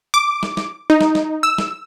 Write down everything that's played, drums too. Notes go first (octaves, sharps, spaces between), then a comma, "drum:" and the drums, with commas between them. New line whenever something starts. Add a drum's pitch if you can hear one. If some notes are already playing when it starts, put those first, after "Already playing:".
D6
drum: snare
drum: snare
D#4
drum: snare
drum: snare
E6
drum: snare